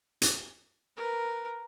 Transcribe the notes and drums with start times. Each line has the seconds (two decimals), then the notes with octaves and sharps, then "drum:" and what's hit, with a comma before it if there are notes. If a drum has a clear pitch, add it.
0.22 drum: hi-hat
0.97 A#4 B4